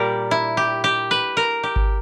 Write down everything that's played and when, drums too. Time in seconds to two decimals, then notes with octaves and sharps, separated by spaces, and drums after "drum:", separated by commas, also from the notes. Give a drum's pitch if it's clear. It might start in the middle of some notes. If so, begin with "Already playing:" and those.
Already playing: A#2 G3 G4 A#4
0.31 E4
0.57 G4
0.84 G4
1.11 B4
1.37 A#4
1.64 G4
1.76 drum: kick G#1